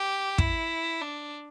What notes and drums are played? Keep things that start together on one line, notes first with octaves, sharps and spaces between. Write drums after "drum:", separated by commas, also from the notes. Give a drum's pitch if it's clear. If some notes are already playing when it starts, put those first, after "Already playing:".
Already playing: G4
E4, drum: kick
D4